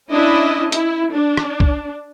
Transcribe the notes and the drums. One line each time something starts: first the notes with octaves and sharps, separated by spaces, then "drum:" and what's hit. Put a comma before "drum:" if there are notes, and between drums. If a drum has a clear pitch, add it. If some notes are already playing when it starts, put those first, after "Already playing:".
C#4 D4 E4 D#5
E4, drum: hi-hat
D4
drum: rim click
drum: kick